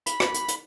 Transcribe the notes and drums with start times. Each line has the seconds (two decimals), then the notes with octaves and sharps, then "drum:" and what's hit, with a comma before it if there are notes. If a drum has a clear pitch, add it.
0.06 B5, drum: hi-hat
0.20 drum: rim click
0.34 drum: hi-hat
0.48 drum: hi-hat